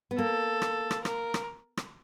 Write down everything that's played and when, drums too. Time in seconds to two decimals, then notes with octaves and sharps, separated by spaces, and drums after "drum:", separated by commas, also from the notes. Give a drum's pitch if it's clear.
0.11 B3
0.18 A#3 A4
0.62 drum: rim click
0.91 drum: rim click
1.05 A#4, drum: rim click
1.34 drum: rim click
1.77 drum: rim click